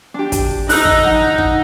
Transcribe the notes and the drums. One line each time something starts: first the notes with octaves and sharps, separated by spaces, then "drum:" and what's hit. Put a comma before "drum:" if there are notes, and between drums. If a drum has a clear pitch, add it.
D4 G4
drum: kick, hi-hat
D#4 E6 F#6, drum: open hi-hat
drum: kick
F#5, drum: tom E3
drum: kick